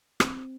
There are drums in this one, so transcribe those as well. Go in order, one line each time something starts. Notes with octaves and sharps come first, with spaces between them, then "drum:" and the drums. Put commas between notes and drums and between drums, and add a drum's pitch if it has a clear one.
C4, drum: rim click